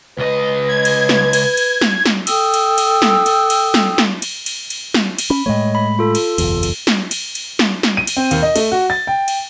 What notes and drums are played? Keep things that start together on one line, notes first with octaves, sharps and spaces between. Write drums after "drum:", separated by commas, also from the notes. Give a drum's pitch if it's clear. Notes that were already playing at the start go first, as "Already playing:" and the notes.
C#2 B4 D#5
G#6
drum: cymbal
drum: snare
drum: cymbal
drum: cymbal
drum: snare
drum: snare
A4 G5 D#6 E6, drum: cymbal
drum: cymbal
drum: cymbal
drum: snare
drum: cymbal
drum: cymbal
drum: snare
drum: snare
drum: cymbal
drum: cymbal
drum: cymbal
drum: snare
drum: cymbal
C#4 B5
A2 G#3 A3 C#5 D#5
B5
F4 A4
drum: cymbal
F#1 B1 E2, drum: cymbal
drum: cymbal
drum: snare
drum: cymbal
drum: cymbal
drum: snare
drum: snare
D#7
drum: cymbal
C4
D#2, drum: cymbal
D#5
A3, drum: cymbal
F#4
A6
G5
drum: cymbal